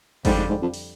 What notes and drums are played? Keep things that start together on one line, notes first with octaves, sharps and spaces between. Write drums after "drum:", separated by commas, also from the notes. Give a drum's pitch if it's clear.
F2 G#2 D3 G3, drum: kick G1, open hi-hat
G#2
G#2
F2
drum: open hi-hat